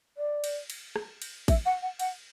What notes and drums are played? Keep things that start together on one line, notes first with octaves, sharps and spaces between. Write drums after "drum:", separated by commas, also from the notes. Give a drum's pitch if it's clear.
D5
drum: cymbal
drum: cymbal
drum: rim click
drum: cymbal
E5, drum: kick A1, cymbal
F#5
F#5
F#5, drum: cymbal